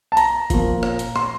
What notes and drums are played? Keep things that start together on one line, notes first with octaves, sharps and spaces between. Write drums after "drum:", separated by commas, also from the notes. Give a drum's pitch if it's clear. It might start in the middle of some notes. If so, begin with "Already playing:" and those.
A5
A#5, drum: hi-hat
A#2 F3, drum: kick, hi-hat
drum: rim click
drum: hi-hat
C6, drum: rim click